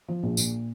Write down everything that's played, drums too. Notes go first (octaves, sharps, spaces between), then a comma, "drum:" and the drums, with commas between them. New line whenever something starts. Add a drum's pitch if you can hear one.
F3
A#1
A#2, drum: tambourine